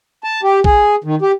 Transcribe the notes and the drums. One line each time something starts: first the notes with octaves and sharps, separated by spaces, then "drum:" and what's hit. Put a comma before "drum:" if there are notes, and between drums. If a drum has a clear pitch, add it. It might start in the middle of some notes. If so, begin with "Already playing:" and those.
A5
G4
G#4, drum: kick A#1
D#3
G4